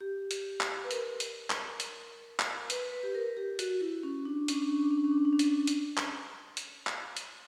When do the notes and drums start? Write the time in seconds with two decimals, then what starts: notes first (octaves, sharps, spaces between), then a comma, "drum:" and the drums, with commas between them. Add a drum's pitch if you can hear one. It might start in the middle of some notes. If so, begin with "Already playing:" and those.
0.01 G4
0.31 drum: hi-hat
0.60 drum: clap
0.84 B4
0.91 A#4, drum: hi-hat
1.20 drum: hi-hat
1.50 drum: clap
1.80 drum: hi-hat
2.39 drum: clap
2.70 B4, drum: hi-hat
2.92 B4
3.03 G4
3.15 A#4
3.37 G4
3.59 F#4, drum: hi-hat
3.81 E4
4.03 C#4
4.25 D4
4.48 C#4, drum: hi-hat
4.55 D4
4.62 C#4
4.69 D4
4.77 C#4
4.84 D4
4.91 C#4
4.98 D4
5.04 C#4
5.12 D4
5.18 C#4
5.25 D4
5.33 C#4
5.39 D4, drum: hi-hat
5.47 C#4
5.53 D4
5.67 drum: hi-hat
5.97 drum: clap
6.57 drum: hi-hat
6.87 drum: clap
7.17 drum: hi-hat